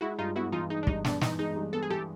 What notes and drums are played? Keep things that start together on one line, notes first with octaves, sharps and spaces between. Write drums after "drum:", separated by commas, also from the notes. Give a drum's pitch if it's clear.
G#3 E4 F#4
G2 D#4 F4
B3 E4 F#4
E3 D#4 F4
G#3 D#4
D4
G2 D#4, drum: kick
B3 D4, drum: snare
E3 D#4, drum: snare
G#3 D#4
G2
B3 A4
G#4
E3 G4 A4